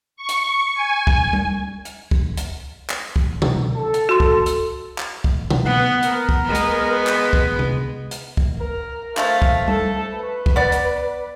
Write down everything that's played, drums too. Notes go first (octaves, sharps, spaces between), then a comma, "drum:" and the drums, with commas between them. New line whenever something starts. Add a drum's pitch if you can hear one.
C#6
drum: hi-hat
G#5
drum: kick
drum: tom G3
drum: hi-hat
drum: kick
drum: hi-hat
drum: clap
drum: kick
drum: tom B2
A4
drum: hi-hat
F#4 C6
drum: kick
drum: hi-hat
drum: clap
drum: kick
drum: tom B2
B3 F#5
A#4, drum: hi-hat
drum: kick
G#3 B3
drum: hi-hat
B4
drum: clap
drum: kick
drum: tom C3
drum: hi-hat
drum: kick
A#4
F3 A3 F5, drum: clap
drum: kick
A4, drum: tom G3
B4 B5
drum: kick
B3 D5
drum: hi-hat